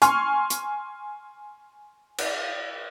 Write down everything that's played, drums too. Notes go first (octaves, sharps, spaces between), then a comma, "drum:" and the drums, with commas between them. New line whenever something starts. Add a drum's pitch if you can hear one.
G#5 C6 C#6 F6, drum: hi-hat
drum: hi-hat
drum: cymbal